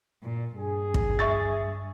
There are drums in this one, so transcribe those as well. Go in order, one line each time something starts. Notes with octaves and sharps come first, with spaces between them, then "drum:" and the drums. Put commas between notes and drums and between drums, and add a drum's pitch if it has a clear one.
A#2
G2 G#4
drum: kick
E5 C#6 A6